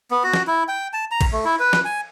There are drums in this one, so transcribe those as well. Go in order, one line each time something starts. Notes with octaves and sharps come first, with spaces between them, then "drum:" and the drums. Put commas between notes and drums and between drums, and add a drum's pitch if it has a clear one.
B3
F#4
drum: snare
E4
G5
A5
A#5
drum: kick, cymbal
A3
E4
B4
drum: snare
G#5